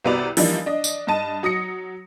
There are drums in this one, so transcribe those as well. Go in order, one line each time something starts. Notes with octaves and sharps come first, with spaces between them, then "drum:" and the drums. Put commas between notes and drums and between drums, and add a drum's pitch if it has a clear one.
C2 C3 B3 F#4 D5 F7
E3 F3 G3 A#3 D4 D#4, drum: open hi-hat
D4 D#5
drum: tambourine
G2 D#5 A5 D#7
F#3 D#6 A#6 C#7